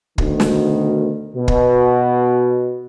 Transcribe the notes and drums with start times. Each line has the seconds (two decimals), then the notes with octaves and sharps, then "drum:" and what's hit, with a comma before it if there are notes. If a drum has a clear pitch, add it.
0.18 D2 B2 D#3, drum: kick
0.40 drum: snare
1.34 B2
1.48 drum: kick